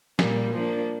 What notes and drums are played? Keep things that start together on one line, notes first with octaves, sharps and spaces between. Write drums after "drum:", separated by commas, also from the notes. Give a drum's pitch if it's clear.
A#2 G3 A#3, drum: snare
F3 A#3 D4